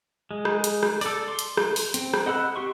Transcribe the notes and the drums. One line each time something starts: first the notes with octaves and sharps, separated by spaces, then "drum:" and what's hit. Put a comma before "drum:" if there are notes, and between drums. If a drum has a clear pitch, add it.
G#3
drum: rim click
drum: hi-hat
drum: rim click
A4 D5, drum: open hi-hat
C6
drum: hi-hat
drum: rim click
drum: open hi-hat
C4, drum: hi-hat
drum: rim click
D#5 F#5 B5 E6 F#6
G4 C6 C#6